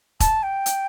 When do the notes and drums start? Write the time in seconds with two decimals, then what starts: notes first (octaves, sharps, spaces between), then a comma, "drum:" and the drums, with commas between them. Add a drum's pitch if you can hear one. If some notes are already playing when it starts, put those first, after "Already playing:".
0.20 A5, drum: kick E1, hi-hat
0.43 G5
0.66 drum: hi-hat